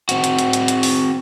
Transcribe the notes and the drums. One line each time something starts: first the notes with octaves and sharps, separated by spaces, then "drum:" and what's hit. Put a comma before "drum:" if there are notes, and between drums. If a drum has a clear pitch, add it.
C4 F#4, drum: hi-hat
drum: hi-hat
drum: hi-hat
drum: hi-hat
drum: hi-hat
drum: open hi-hat